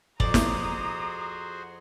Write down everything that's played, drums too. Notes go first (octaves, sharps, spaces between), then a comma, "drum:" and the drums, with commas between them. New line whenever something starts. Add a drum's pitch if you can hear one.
F2 F#4 G#4 C5 D5 A#5 D#6, drum: kick
drum: snare